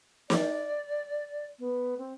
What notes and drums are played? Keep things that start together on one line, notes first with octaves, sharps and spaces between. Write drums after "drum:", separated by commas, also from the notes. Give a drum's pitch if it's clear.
D5, drum: snare
B3
C4